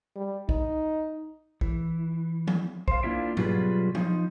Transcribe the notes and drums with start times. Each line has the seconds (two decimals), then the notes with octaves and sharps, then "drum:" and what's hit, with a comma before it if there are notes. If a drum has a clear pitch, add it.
0.16 G3
0.49 D#4, drum: kick A#1
1.61 E3, drum: kick A#1
2.47 drum: tom F3
2.88 C5 F5, drum: kick A#1
3.03 A#3 D4 E4 F4 E5 G5
3.37 B2 F#3 G3 F4 G#4 B4, drum: tom G#2
3.95 F3 D#4, drum: tom F3